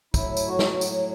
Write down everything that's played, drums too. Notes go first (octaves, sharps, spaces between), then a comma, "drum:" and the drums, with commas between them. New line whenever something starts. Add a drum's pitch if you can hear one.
A2 F#3 E4, drum: kick, tambourine
drum: tambourine
F#4
drum: snare
drum: tambourine